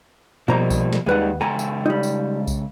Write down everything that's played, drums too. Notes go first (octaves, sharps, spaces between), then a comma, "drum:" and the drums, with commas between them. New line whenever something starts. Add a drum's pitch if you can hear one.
B2 F3 G3 A#3 C5 A#5
drum: kick B1, tambourine
drum: snare
D#2 D#3 G3 G#3 B4 F#5
C#2 A4 G5 G#5 A#5
drum: tambourine
G3 D#4
drum: tambourine
drum: kick B1, tambourine